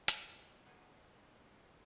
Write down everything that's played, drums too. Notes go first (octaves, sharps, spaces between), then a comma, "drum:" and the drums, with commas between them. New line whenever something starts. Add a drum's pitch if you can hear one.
G#3, drum: hi-hat
D3 F#3 G#3 B3 D#4 G#4